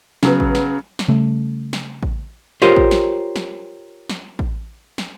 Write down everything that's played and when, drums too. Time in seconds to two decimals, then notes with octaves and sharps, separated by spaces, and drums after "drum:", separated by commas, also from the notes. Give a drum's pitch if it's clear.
0.23 C#3 F#3 B3, drum: snare
0.40 drum: kick A1
0.55 drum: snare
0.99 drum: snare
1.08 C#3 G3 A3
1.73 drum: snare
2.03 drum: kick A1
2.62 F4 G4 A#4 C5 C#5 D#5, drum: snare
2.76 drum: kick A1
2.91 drum: snare
3.36 drum: snare
4.09 drum: snare
4.39 drum: kick A1
4.98 drum: snare